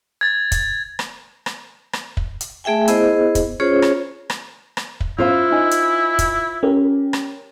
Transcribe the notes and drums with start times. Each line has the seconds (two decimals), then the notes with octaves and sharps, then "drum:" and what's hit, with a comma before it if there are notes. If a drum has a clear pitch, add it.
0.21 G#6 A6
0.52 drum: kick, hi-hat
0.99 drum: rim click
1.46 drum: rim click
1.93 drum: rim click
2.17 drum: kick
2.41 drum: hi-hat
2.64 A3 G#4 E5 G5 G#5
2.88 B3 E4 G#4 C5 D#5, drum: hi-hat
3.35 drum: kick, hi-hat
3.60 C#4 F4 G#4 C5 C#5
3.82 drum: rim click
4.30 drum: rim click
4.77 drum: rim click
5.00 drum: kick
5.18 F#2 E4 F4 C5 F5
5.50 D#4 G#5
5.71 drum: hi-hat
6.19 drum: kick, hi-hat
6.63 C#4 G4 A#4
7.13 drum: rim click